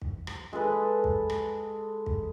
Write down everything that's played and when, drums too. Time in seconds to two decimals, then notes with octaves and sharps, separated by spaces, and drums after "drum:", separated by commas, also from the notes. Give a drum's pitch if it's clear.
0.02 drum: kick
0.27 drum: rim click
0.53 G#3 A4 B4
1.04 drum: kick
1.30 drum: rim click
2.06 drum: kick